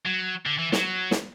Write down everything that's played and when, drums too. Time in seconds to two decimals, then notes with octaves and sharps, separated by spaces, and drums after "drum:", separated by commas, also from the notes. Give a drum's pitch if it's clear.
0.06 F#3
0.46 D3
0.59 E3
0.72 F#3, drum: snare
1.11 drum: snare